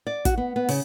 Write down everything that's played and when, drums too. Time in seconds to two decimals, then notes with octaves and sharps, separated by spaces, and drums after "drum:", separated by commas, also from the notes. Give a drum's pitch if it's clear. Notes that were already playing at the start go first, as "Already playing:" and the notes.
0.07 D5
0.25 F#4, drum: kick, hi-hat
0.37 B3
0.56 B3
0.69 C#3, drum: open hi-hat